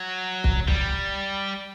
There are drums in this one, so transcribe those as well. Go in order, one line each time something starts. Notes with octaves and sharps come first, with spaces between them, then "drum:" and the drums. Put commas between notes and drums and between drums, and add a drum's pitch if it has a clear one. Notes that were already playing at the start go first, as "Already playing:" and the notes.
Already playing: F#3
drum: kick
G3, drum: kick